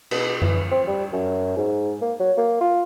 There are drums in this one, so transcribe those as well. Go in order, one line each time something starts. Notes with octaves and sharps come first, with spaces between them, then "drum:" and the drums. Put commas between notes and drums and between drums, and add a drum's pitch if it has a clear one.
B2, drum: cymbal
E3, drum: tom F#2
C4
G3
F#2
G#2
A#3
F#3
A#3
F4